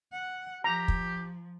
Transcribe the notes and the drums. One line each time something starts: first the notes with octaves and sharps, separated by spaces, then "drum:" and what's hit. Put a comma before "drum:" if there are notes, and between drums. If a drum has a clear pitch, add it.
F#5
F3 G4 A#5
drum: kick